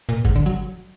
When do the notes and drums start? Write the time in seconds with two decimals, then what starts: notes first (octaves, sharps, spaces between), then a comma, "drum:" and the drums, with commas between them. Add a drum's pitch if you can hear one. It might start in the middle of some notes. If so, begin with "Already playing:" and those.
0.09 A#2
0.25 G#2, drum: kick G1
0.36 D3
0.46 F#3